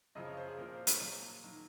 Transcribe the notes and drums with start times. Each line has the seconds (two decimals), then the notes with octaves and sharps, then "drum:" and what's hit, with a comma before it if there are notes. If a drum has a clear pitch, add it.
0.15 F#2 C#3 F3 D#5
0.26 C#5
0.37 C5
0.48 G#4
0.58 A#2 F3 A#4
0.73 C5
0.87 C#5, drum: hi-hat
1.01 A#2 F#3
1.44 D#3 F#3